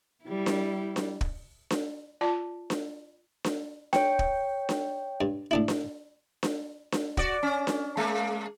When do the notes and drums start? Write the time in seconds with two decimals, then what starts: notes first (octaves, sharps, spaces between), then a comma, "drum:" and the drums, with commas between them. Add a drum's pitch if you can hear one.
0.24 G3 E4
0.46 drum: snare D4
0.96 drum: snare D4
1.21 drum: kick
1.70 drum: snare D4
2.21 F4 D5 A5
2.70 drum: snare D4
3.44 drum: snare D4
3.93 C#5 G5, drum: snare D4
4.19 drum: kick
4.69 drum: snare D4
5.21 G2
5.51 A2 D4 E4
5.68 drum: snare D4
6.43 drum: snare D4
6.92 drum: snare D4
7.17 F#4 D5, drum: kick
7.43 C#4
7.67 drum: snare D4
7.97 G#3 A#3